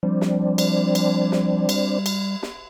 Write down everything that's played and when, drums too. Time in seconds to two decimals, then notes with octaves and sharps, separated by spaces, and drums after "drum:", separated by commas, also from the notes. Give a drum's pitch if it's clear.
0.03 F3 G3 C4 D4
0.21 drum: snare
0.58 drum: cymbal
0.95 drum: cymbal
1.32 drum: snare
1.69 drum: cymbal
2.06 drum: cymbal
2.43 drum: snare